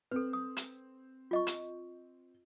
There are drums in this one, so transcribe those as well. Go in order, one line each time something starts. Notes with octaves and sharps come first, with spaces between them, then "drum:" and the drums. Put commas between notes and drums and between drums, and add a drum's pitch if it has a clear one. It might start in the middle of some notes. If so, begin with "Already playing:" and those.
C4 A4 B4
D#6
drum: hi-hat
F4 D#5 C#6
drum: hi-hat